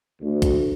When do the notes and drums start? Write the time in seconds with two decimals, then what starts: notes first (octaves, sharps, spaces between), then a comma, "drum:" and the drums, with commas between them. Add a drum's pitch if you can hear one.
0.22 D2
0.42 drum: kick, hi-hat